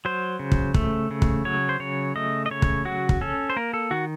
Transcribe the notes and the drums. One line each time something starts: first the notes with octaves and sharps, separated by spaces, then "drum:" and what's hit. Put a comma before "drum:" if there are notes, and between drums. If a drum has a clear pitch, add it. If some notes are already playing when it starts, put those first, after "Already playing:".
F#3 C5
C#3
drum: kick
A3, drum: kick
C#3
drum: kick
F#3 C#5
C5
C#3 C#5
A3 D#5
D#5
C#3 C#5
drum: kick
F#3 F#4
drum: kick
C#4 A4
C5
A#3 A#4
A4
D#3 F#4